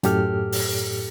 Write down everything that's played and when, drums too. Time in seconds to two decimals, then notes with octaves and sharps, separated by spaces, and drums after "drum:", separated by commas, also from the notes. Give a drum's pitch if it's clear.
0.03 F#2 A2 G4 A4 F6, drum: hi-hat
0.52 drum: open hi-hat